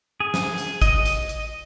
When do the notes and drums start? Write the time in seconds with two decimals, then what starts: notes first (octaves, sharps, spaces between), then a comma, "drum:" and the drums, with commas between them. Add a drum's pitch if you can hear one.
0.20 G#4
0.34 drum: snare
0.58 drum: hi-hat
0.82 D#5, drum: kick, hi-hat
1.05 drum: hi-hat
1.29 drum: hi-hat